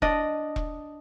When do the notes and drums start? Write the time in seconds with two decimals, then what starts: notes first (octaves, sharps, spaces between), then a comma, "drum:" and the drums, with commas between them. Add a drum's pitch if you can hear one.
0.02 D4 D#5, drum: kick E1
0.56 drum: kick E1